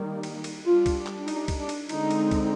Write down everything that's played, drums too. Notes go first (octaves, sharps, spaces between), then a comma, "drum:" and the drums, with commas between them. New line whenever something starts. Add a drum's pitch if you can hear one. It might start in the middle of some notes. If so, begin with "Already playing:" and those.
Already playing: D#3 G3 A#3
drum: cymbal
drum: cymbal
G3 D4 F4
drum: kick, cymbal
drum: clap
D#4, drum: cymbal
drum: kick, cymbal
D4
drum: cymbal
D3 G#3 C4 D#4, drum: cymbal
drum: cymbal
drum: kick, cymbal